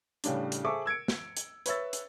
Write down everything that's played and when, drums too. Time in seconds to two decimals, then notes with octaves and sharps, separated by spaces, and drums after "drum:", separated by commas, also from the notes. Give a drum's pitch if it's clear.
0.24 A2 C#3 G3 D4, drum: hi-hat
0.52 drum: hi-hat
0.64 G#4 A4 C5 E5 C#6 D6
0.86 E6 G#6 C#7 D7
1.08 drum: snare
1.37 drum: hi-hat
1.66 B4 C#5 E5 E6 A6, drum: hi-hat
1.93 drum: hi-hat